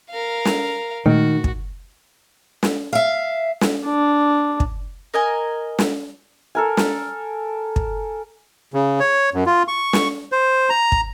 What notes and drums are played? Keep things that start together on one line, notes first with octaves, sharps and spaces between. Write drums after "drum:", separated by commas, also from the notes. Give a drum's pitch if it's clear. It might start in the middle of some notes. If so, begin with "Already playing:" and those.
A#4 F5
drum: snare
A#2 D#3 G#3 A3 F#4
drum: kick
drum: snare
E5 F5
drum: snare
D4
drum: kick
A#4 D#5 G#5
drum: snare
A4 A#4 G#5
drum: snare
drum: kick
C#3
C#5
F#2
F4
C#6
drum: snare
C5
A#5
drum: kick